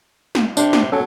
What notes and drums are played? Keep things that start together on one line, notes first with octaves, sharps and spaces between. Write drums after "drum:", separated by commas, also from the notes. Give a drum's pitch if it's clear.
drum: snare
C3 D4, drum: tambourine
drum: snare
F#3 C#4 A4